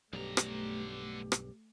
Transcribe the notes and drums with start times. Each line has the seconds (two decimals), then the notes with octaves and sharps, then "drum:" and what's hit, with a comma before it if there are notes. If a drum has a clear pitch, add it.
0.13 B1 G2 D3 A3 G4 A#5
0.37 drum: rim click
1.32 drum: rim click